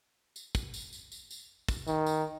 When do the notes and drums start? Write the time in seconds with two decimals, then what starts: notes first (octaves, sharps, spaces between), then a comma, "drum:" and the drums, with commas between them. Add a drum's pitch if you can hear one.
0.36 drum: tambourine
0.55 drum: kick, tambourine
0.74 drum: tambourine
0.93 drum: tambourine
1.12 drum: tambourine
1.31 drum: tambourine
1.68 drum: kick, tambourine
1.87 D#3, drum: tambourine
2.06 drum: tambourine